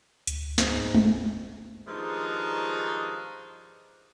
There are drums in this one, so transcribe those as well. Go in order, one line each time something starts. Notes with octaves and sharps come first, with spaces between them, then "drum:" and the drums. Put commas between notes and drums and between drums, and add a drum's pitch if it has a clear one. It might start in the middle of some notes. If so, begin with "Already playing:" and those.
D2, drum: hi-hat
G#2 G#3 D#4, drum: snare
drum: tom G#3
G2 D#3 F3 G#3 D4 D#4